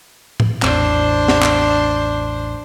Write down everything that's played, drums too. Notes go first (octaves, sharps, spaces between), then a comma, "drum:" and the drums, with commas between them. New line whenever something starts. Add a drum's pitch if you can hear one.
drum: tom A2
A1 E2 C4 D4 C5, drum: clap
drum: snare
drum: clap